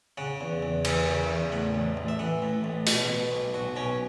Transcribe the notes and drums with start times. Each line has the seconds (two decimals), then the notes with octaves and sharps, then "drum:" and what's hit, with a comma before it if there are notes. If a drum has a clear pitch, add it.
0.18 C#3 F#5
0.41 E2
0.62 E2
0.85 E3, drum: cymbal
1.08 C#3
1.30 E2
1.52 A2 F#5
1.75 A1
1.97 A1
2.08 E5
2.19 E3 F#5
2.42 A2
2.64 A1
2.87 B2, drum: open hi-hat
3.10 B2
3.32 B1
3.54 B1 F#4
3.76 B2 C#4